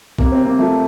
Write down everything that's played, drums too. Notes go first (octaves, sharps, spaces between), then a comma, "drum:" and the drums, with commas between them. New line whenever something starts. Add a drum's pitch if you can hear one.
C3 A#3, drum: kick
C4
C3
A#3
F3 A3